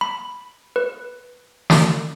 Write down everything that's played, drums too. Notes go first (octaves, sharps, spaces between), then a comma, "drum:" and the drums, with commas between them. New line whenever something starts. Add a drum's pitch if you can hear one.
B5
B4
drum: snare